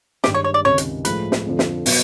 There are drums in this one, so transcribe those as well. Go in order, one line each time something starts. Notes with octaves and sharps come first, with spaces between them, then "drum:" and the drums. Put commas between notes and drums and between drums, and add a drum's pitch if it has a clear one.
G2 D#3 G#3 G4, drum: snare
C#5
C#5
D5
C#2 C3 D#3 C#5
drum: hi-hat
A2 F3 G#3 B4, drum: hi-hat
drum: snare
F2 D3 F3
drum: snare
B2 F#3 B3, drum: open hi-hat